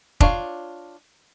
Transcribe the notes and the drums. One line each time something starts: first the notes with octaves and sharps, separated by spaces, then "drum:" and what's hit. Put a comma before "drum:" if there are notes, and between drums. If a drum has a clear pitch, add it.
D4 F4 C#5 F5, drum: kick F1